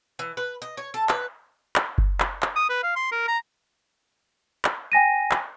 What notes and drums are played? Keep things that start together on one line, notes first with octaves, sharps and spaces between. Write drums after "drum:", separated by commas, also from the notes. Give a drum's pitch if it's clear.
E3
B4
D#5
C#5
A4
B4, drum: clap
drum: clap
drum: kick F#1
drum: clap
drum: clap
D#6
B4
F5
C6
A#4
A#5
drum: clap
G5 G#5 A#6 D#7
drum: clap